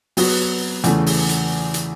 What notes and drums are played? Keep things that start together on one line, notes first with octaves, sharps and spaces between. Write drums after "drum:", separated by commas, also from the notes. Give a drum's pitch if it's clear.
F#3 B3 F#4, drum: open hi-hat
E2 C#3 E3 A3, drum: hi-hat
drum: open hi-hat
drum: hi-hat
drum: hi-hat